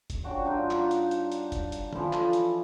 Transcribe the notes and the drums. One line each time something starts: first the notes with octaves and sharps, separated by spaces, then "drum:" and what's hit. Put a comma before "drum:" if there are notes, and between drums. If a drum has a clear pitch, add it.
drum: kick F#1, hi-hat
C#3 D4 F#4 G5
G2 D4 D#4 F4
drum: clap
drum: hi-hat
drum: hi-hat
drum: hi-hat
drum: kick F#1, hi-hat
drum: hi-hat
E3 F3 E4 A4, drum: tom
drum: clap
drum: hi-hat